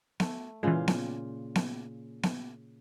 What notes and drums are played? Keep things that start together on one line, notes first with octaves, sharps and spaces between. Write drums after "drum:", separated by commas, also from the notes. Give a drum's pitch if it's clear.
A3, drum: snare B3
A#2 C#3 E3 G#3 F4
drum: snare B3
drum: snare B3
drum: snare B3